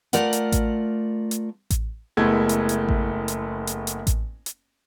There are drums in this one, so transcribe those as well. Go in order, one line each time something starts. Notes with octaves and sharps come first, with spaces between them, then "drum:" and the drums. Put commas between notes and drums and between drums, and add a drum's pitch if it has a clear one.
A3 F4 A#4 D5 F#5, drum: hi-hat
drum: hi-hat
drum: kick A1, hi-hat
drum: hi-hat
drum: kick A1, hi-hat
F#1 G#3 A3 B3 E4 G#6
drum: hi-hat
drum: hi-hat
drum: kick A1
drum: hi-hat
drum: hi-hat
drum: hi-hat
drum: kick A1, hi-hat
drum: hi-hat